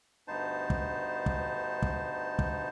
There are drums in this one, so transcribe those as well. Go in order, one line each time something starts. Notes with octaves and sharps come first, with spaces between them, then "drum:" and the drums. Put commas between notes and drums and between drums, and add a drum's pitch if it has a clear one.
D2 G2 B3 D#4 C5 A5
drum: kick
drum: kick
drum: kick
drum: kick